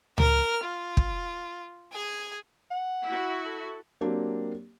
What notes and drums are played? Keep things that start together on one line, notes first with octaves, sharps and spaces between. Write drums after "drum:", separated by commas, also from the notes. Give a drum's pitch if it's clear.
A#4 F6, drum: tom C#2
F4
drum: kick
G#4 G#5
F#5
E4 F#4
A4
F#3 A#3 C4 D4 G4